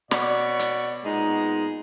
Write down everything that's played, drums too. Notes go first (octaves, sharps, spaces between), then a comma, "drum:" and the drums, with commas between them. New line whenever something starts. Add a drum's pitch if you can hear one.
B2 C#5 D5, drum: snare
drum: hi-hat
A#2 G#3 B3 D#4 A#5